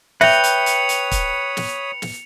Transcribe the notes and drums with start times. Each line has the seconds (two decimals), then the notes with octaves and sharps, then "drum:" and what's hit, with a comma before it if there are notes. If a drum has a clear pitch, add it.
0.21 B4 C#5 E5 G5 B5 D#6 C#7 F7, drum: snare
0.44 drum: hi-hat
0.66 drum: hi-hat
0.89 drum: hi-hat
1.11 drum: kick, hi-hat
1.57 drum: snare
2.02 drum: snare